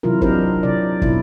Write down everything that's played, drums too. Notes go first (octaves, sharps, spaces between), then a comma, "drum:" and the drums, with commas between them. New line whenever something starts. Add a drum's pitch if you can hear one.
C3 E3 F#3 E4 F4 A#4
C4 D4 D#4 G4 A#4 C5, drum: kick
C3 D5
B2 E4, drum: kick